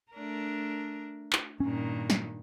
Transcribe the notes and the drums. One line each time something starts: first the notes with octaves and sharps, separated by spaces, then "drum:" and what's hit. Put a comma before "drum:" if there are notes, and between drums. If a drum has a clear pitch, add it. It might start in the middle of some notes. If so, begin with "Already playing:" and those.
A3 D4 A#4
drum: clap
G2 A#2 D#3 C#4
drum: snare